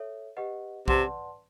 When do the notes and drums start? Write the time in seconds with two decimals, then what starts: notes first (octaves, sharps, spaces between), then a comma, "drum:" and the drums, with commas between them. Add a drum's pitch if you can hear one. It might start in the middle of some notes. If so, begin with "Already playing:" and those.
Already playing: A4 C#5 E5
0.37 G4 B4 D#5 F#5
0.88 C3 B4 D5 F#5 A5 C6, drum: kick B1